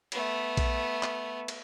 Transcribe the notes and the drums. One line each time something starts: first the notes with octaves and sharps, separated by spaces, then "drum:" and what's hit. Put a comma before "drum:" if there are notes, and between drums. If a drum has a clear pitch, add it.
A3 B3, drum: cymbal
drum: kick A#1, cymbal
drum: clap
drum: cymbal